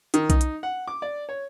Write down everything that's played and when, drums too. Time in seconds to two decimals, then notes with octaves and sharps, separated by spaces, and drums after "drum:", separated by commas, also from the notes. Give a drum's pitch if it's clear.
0.14 D#3, drum: hi-hat
0.30 D#4, drum: kick B1, hi-hat
0.41 drum: hi-hat
0.63 F#5
0.88 D6
1.02 D5
1.29 C#5